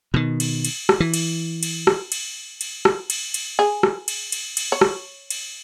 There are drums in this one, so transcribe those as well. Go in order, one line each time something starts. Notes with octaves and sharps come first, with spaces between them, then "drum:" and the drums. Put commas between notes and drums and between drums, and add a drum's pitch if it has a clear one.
B2 D#3
drum: cymbal
drum: cymbal
drum: rim click
E3
drum: cymbal
drum: cymbal
drum: rim click
drum: cymbal
drum: cymbal
drum: rim click
drum: cymbal
drum: cymbal
G#4
drum: rim click
drum: cymbal
drum: cymbal
drum: cymbal
C#5
drum: rim click
drum: cymbal